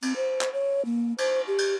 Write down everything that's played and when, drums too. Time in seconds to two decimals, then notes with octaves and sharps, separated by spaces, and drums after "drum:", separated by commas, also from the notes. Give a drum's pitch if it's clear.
0.02 C4, drum: cymbal
0.16 C5
0.41 drum: clap
0.53 C#5
0.85 A#3
1.18 C5, drum: cymbal
1.47 G4
1.58 drum: cymbal